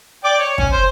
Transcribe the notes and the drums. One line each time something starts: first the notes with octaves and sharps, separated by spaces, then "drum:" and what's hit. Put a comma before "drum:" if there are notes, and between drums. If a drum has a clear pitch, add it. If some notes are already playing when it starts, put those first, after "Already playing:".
D5 G5 D6
C#5
C#4, drum: kick
C5